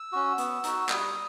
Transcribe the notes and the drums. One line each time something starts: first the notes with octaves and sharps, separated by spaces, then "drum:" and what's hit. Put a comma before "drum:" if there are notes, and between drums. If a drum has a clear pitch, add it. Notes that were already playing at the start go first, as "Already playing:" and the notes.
Already playing: E6
C#4 F#4
B3, drum: hi-hat
D#4 F#4, drum: hi-hat
G3 D#6, drum: clap